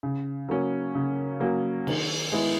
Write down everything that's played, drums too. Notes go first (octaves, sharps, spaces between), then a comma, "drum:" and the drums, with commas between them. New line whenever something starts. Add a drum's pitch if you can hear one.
C#3
F#3 A#3 C#4
C#3
F#3 A#3 C#4
D#3, drum: cymbal
G#3 B3 E4